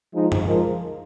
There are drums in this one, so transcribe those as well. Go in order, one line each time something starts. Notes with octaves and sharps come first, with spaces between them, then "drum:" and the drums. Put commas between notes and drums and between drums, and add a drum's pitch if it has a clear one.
F3 G#3 D#4
drum: tom F#2
F3 G#3 D#4 A#4